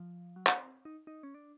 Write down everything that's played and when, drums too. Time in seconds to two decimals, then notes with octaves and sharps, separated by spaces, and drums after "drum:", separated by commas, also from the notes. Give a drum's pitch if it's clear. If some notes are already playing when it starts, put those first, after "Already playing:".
Already playing: F3
0.36 F#3
0.47 A#3, drum: clap
0.58 C4
0.85 D#4
1.07 D#4
1.23 C#4
1.34 D4